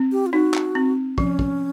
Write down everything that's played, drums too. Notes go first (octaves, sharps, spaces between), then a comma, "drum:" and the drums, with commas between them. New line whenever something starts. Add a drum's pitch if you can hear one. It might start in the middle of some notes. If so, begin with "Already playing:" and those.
Already playing: C4
G4
F4
D#4 F#4
drum: clap
C4
F3 C#4, drum: kick
drum: kick